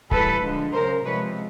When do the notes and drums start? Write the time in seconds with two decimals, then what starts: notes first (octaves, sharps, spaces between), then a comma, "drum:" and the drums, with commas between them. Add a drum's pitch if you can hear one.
0.11 A2 E3 G3 A4 B4, drum: kick C#1
0.43 D3 F3 G#3
0.73 C#3 F#3 A#4 C5
1.04 C3 F3 G#3 B4 C#5